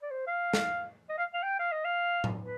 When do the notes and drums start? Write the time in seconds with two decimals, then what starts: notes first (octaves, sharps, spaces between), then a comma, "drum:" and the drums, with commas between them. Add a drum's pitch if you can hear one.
0.02 D5
0.10 C5
0.27 F5
0.53 drum: snare
1.09 D#5
1.18 F5
1.34 F5
1.43 G5
1.59 F5
1.72 D#5
1.85 F5
2.24 drum: tom A2
2.42 B4